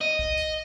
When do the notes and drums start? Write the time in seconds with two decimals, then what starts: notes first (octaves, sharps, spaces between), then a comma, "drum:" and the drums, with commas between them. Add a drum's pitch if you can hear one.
0.01 D#5
0.19 drum: kick
0.37 drum: hi-hat